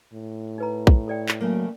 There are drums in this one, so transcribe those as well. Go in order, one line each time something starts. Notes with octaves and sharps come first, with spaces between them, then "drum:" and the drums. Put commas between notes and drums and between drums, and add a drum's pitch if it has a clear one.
A2
D#4 B4 A#5
drum: kick A#1
A4 D5 G5
drum: clap
C#3 F#3 A3 A#3